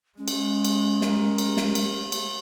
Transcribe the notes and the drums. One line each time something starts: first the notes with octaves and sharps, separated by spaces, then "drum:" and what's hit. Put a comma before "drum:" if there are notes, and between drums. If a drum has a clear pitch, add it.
G#3 C#4
drum: cymbal
drum: cymbal
G4 A#4, drum: snare
drum: cymbal
drum: snare
drum: cymbal
drum: cymbal